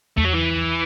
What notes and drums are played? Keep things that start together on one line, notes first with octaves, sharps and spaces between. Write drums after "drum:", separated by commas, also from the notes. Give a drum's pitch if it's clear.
A3, drum: tom E2
F#3
E3